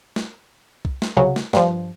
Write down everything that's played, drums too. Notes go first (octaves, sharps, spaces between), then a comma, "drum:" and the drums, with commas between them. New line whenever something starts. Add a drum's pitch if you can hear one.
drum: snare
drum: kick
drum: snare
C2 C#3 F#3
drum: snare
G2 F3, drum: snare